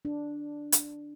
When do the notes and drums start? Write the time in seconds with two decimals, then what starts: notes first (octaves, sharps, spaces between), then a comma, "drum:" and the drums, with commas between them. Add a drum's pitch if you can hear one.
0.05 D4
0.72 drum: hi-hat